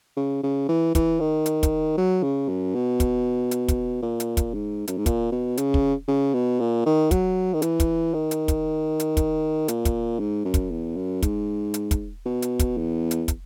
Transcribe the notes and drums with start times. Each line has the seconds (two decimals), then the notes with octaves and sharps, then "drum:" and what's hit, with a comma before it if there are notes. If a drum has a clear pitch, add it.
0.17 C#3
0.43 C#3
0.69 E3
0.95 E3, drum: kick, hi-hat
1.20 D#3
1.46 drum: hi-hat
1.63 drum: kick, hi-hat
1.97 F#3
2.23 C#3
2.48 F#2
2.74 B2
3.00 drum: kick, hi-hat
3.51 drum: hi-hat
3.68 drum: kick, hi-hat
4.02 A#2
4.20 drum: hi-hat
4.37 drum: kick, hi-hat
4.54 G#2
4.88 F#2, drum: hi-hat
4.97 G#2
5.06 A#2, drum: kick, hi-hat
5.31 B2
5.57 C#3, drum: hi-hat
5.74 drum: kick
6.08 C#3
6.34 B2
6.60 A#2
6.86 D#3
7.11 F#3, drum: kick, hi-hat
7.53 D#3
7.62 E3, drum: hi-hat
7.80 drum: kick, hi-hat
8.14 D#3
8.31 drum: hi-hat
8.48 drum: kick, hi-hat
9.00 drum: hi-hat
9.17 drum: kick, hi-hat
9.68 A#2, drum: hi-hat
9.85 drum: kick, hi-hat
10.19 G#2
10.45 F#2
10.54 drum: kick, hi-hat
10.71 E2
10.96 F#2
11.22 G#2, drum: kick, hi-hat
11.74 drum: hi-hat
11.91 drum: kick, hi-hat
12.25 B2
12.42 drum: hi-hat
12.59 drum: kick, hi-hat
12.77 E2
13.11 drum: hi-hat
13.28 drum: kick, hi-hat